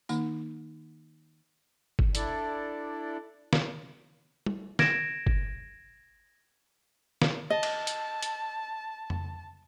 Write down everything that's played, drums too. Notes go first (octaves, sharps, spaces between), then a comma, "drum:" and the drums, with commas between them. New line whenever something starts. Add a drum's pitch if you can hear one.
D#3 A#3 D#4, drum: tambourine
drum: kick G1
D4 E4 A4 D5, drum: hi-hat
drum: snare
drum: tom G3
G#6 A#6 D7 E7, drum: snare
drum: kick G1
drum: snare
D#5 A5
drum: cymbal
drum: hi-hat
drum: hi-hat
drum: tom F2